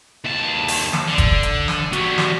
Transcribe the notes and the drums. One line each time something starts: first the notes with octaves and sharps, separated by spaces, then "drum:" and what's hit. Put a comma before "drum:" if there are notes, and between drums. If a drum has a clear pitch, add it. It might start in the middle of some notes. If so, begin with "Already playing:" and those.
D#2 A5
drum: open hi-hat
drum: snare
D3
drum: kick, hi-hat
drum: hi-hat
drum: snare
G3 F#4, drum: hi-hat
drum: snare